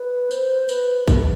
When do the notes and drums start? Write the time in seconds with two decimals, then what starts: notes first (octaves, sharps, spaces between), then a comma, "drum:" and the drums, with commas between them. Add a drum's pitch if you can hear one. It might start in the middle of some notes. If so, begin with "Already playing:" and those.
Already playing: B4
0.31 C5, drum: tambourine
0.69 B4, drum: tambourine
1.08 A#4, drum: kick, tambourine
1.16 A4